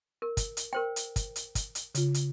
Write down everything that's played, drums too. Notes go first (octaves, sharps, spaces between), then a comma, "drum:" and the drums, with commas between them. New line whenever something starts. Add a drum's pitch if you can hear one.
A#4
drum: kick, hi-hat
drum: hi-hat
A#4 C5 G5
drum: hi-hat
drum: kick, hi-hat
drum: hi-hat
drum: kick, hi-hat
drum: hi-hat
C#3 F4, drum: hi-hat
drum: hi-hat